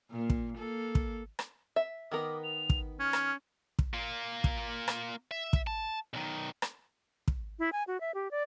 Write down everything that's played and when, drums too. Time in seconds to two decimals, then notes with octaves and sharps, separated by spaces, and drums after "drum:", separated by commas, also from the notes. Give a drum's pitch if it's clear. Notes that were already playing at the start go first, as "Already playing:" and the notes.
0.11 A#2 A#3
0.30 drum: kick
0.57 A#3 A4
0.95 drum: kick
1.39 drum: rim click
1.76 E5
2.11 D#3 B3 A#4 D6
2.43 F7
2.70 drum: kick
3.00 C#4 F6
3.13 drum: rim click
3.79 drum: kick
3.94 A#3 F4
4.44 drum: kick
4.88 drum: rim click
5.31 E5
5.53 drum: kick
5.67 A5
6.13 B1 D#3
6.62 drum: rim click
7.28 drum: kick
7.59 E4
7.73 G#5
7.87 F#4
8.00 E5
8.14 G4
8.31 D5